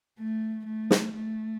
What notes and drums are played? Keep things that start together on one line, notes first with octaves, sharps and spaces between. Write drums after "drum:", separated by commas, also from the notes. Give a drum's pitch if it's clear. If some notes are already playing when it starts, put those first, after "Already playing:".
A3
A3
drum: snare
A3